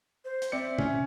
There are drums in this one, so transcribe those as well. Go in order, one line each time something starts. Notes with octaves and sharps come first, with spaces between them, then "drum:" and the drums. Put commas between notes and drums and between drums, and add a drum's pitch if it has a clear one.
C5
drum: hi-hat
C4 D5 E5 C#7
C#4, drum: tom